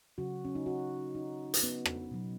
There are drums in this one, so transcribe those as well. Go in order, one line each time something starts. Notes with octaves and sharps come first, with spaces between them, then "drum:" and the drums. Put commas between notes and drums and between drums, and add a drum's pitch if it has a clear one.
C#3 F#3 F#4
C#4
D#4
F#4
D#4
drum: hi-hat
B3
drum: rim click
B2 F#3